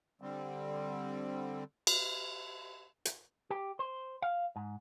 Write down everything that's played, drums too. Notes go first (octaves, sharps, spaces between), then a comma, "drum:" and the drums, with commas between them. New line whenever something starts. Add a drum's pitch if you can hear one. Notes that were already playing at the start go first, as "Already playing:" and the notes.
D3 G3 C4
drum: cymbal
drum: hi-hat
G4
C5
F5
G#2